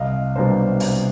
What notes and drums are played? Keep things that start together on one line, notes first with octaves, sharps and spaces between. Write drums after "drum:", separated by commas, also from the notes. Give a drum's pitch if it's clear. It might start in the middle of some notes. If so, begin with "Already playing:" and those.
Already playing: C2 D#5 F5
B2 G3 A#3 D4 A#4 C5
C2, drum: open hi-hat